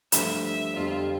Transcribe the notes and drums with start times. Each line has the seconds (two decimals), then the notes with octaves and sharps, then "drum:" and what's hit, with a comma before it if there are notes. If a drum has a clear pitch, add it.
0.12 G2 F3 A3 E5, drum: hi-hat
0.45 E5
0.76 F2 D3 G3 C4 F4 G4